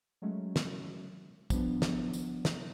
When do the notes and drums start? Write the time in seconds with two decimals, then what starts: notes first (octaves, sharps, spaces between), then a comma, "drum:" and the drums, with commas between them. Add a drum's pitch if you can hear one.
0.22 F#3 G#3 A3 C#4
0.56 drum: snare
1.50 F3 G3 B3 D4, drum: kick, tambourine
1.82 drum: snare
2.13 drum: tambourine
2.45 drum: snare